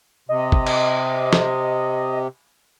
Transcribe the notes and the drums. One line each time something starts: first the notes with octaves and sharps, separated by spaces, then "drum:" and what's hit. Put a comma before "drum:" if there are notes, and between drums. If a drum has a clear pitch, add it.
C3 D#5
drum: kick
drum: cymbal
drum: snare